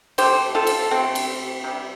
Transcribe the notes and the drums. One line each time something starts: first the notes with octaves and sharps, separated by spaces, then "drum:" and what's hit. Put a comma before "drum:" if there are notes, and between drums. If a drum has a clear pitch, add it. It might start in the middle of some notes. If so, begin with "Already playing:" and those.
C3 A3 G4 C5, drum: cymbal
F4 A4
drum: cymbal
C3 A3 C4
drum: cymbal
C3 G3